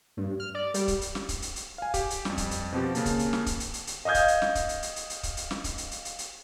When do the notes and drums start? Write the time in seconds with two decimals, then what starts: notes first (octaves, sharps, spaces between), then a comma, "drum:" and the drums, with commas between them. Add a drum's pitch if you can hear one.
0.17 G2
0.40 F6
0.55 D5
0.74 G3, drum: hi-hat
0.88 drum: kick C#1, hi-hat
1.01 drum: hi-hat
1.15 drum: snare
1.29 drum: kick C#1, hi-hat
1.42 drum: hi-hat
1.56 drum: hi-hat
1.78 F5 G#5
1.94 G4, drum: kick C#1, hi-hat
2.10 drum: hi-hat
2.25 F2 G3, drum: snare
2.38 drum: kick C#1, hi-hat
2.51 drum: hi-hat
2.72 B2 F3 C4 G4
2.95 C#3 A#3 A5, drum: hi-hat
3.06 drum: kick C#1, hi-hat
3.19 drum: hi-hat
3.33 drum: snare
3.46 drum: kick C#1, hi-hat
3.60 drum: hi-hat
3.74 drum: hi-hat
3.87 drum: hi-hat
4.05 D#5 F5 D#6 G6 G#6
4.14 drum: kick C#1, hi-hat
4.28 drum: hi-hat
4.42 drum: snare
4.55 drum: kick C#1, hi-hat
4.69 drum: hi-hat
4.83 drum: hi-hat
4.96 drum: hi-hat
5.10 drum: hi-hat
5.23 drum: kick C#1, hi-hat
5.37 drum: hi-hat
5.51 drum: snare
5.64 drum: kick C#1, hi-hat
5.78 drum: hi-hat
5.91 drum: hi-hat
6.05 drum: hi-hat
6.19 drum: hi-hat